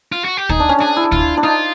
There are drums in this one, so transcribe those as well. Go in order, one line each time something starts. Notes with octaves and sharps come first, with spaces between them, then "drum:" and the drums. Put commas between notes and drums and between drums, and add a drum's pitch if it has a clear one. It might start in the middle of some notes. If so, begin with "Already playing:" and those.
F4
F#4
G4
D#4 G#4, drum: kick
D4
C#4
D4 G#4
E4
F4, drum: kick
D4
D#4 F4